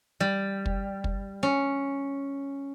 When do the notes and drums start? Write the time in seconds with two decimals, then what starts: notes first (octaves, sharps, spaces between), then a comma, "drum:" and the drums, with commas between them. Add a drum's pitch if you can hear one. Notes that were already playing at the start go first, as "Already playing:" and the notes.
0.20 G3
0.66 drum: kick
1.04 drum: kick
1.43 C#4